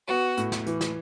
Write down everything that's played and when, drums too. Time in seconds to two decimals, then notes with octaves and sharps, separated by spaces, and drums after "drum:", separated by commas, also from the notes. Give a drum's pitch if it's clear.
0.09 B3 F#4
0.37 A2, drum: hi-hat
0.52 drum: snare
0.66 E3, drum: hi-hat
0.81 drum: snare